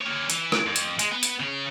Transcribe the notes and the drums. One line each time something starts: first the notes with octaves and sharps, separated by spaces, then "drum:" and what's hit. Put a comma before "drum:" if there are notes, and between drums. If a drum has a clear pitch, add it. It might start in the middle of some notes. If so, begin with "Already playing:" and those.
A#3 C#5
E3, drum: hi-hat
drum: rim click
F2
drum: hi-hat
G#3, drum: hi-hat
B3
drum: hi-hat
C#3 C#5